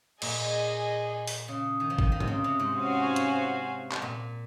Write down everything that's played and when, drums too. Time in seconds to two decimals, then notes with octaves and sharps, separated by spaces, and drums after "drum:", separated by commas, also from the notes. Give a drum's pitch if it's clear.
0.22 A#2 G#4 D#5 G#5, drum: cymbal
1.28 drum: open hi-hat
1.48 C#3
1.80 D#3
1.90 F3
1.99 D#3, drum: kick
2.12 D#3
2.20 C3, drum: tom G#2
2.27 C#3
2.44 C3
2.60 G#2
2.75 C#4 F#4 C5 F5 G#5
3.16 drum: hi-hat
3.92 drum: clap
4.02 A#2